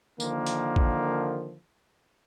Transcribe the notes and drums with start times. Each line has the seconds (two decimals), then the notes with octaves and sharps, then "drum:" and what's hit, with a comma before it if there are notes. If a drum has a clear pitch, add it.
0.20 D3 D#3 F3 A#3, drum: tambourine
0.46 drum: hi-hat
0.76 drum: kick A1